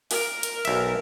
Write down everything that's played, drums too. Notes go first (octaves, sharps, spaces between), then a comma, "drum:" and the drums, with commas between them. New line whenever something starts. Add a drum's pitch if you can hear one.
A#4, drum: open hi-hat
drum: hi-hat
B1 E5, drum: cymbal